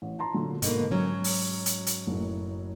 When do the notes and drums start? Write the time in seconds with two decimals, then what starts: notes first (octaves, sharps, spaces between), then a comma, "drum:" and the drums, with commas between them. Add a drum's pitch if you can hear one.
0.02 A1
0.19 A5 A#5 C6
0.34 A#2 D3 F#3
0.62 G#2 B2 D3 A#3, drum: hi-hat
0.91 F#3 C#4
1.24 drum: open hi-hat
1.66 drum: hi-hat
1.87 drum: hi-hat
2.07 F#1 A2